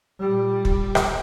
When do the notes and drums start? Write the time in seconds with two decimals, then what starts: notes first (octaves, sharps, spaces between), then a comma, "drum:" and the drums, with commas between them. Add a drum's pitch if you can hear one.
0.20 A#2 G3
0.65 drum: kick
0.95 drum: rim click